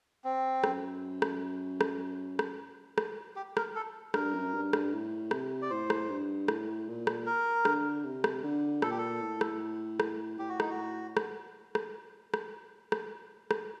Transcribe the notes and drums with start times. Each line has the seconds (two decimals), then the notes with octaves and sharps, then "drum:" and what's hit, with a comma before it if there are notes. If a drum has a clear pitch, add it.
0.24 C4
0.64 F#2, drum: rim click
1.22 drum: rim click
1.81 drum: rim click
2.39 drum: rim click
2.98 drum: rim click
3.36 G4
3.57 A#4, drum: rim click
3.76 A4
4.14 G2 A#4, drum: rim click
4.34 F#2
4.54 G2
4.73 G2, drum: rim click
4.93 A2
5.31 C3, drum: rim click
5.62 D5
5.70 A2 C5
5.90 drum: rim click
6.09 G2
6.48 A2, drum: rim click
6.88 A#2
7.07 drum: rim click
7.26 A#4
7.65 D3, drum: rim click
8.04 C3
8.24 drum: rim click
8.44 D3
8.82 A#2 A4, drum: rim click
8.90 G4
8.98 A4
9.21 A2
9.41 drum: rim click
10.00 drum: rim click
10.38 A2 G4
10.49 F#4
10.60 D#4, drum: rim click
10.69 F#4
11.17 drum: rim click
11.75 drum: rim click
12.34 drum: rim click
12.92 drum: rim click
13.51 drum: rim click